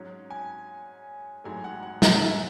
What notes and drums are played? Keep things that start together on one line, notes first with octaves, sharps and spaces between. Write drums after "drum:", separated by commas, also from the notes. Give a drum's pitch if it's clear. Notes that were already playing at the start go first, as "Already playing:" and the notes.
Already playing: G#2 F#3 C#4
G#5
A1 G#2 F#3 A3 G#5
F#5
F#5
F#5, drum: snare
E5